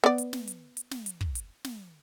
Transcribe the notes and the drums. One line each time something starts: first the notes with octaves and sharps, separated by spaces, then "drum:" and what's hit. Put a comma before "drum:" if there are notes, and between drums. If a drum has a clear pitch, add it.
B3 D5
drum: hi-hat
drum: snare
drum: hi-hat
drum: hi-hat
drum: snare
drum: hi-hat
drum: kick
drum: hi-hat
drum: snare